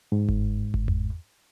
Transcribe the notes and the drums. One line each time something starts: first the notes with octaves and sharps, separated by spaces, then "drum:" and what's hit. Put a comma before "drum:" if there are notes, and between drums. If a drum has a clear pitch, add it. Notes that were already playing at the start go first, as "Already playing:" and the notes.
G#2
drum: kick G1
drum: kick G1
drum: tom E2